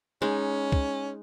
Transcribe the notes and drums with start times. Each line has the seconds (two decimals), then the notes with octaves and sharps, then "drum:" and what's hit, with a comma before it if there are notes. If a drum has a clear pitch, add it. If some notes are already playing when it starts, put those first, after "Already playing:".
0.22 G#3 C#4 D#4
0.72 drum: kick